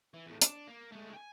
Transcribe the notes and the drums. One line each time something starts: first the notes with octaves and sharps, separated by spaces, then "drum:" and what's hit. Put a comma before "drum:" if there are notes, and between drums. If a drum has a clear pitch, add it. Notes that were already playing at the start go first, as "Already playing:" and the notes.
E3
E2 A2
D4, drum: hi-hat
A#3
G#3 A3
G5 G#5